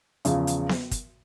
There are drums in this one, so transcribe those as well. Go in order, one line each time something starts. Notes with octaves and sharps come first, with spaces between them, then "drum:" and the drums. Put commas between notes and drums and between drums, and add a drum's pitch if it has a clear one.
E2 C#3 F3, drum: hi-hat
drum: hi-hat
drum: snare B3
drum: kick, hi-hat